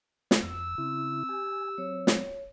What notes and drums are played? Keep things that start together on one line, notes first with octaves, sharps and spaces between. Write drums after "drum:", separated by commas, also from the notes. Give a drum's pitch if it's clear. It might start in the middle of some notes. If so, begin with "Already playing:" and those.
drum: snare
F2 E6
C#3 C4 E4
G4 G#5
F#3 C4 C#5
drum: snare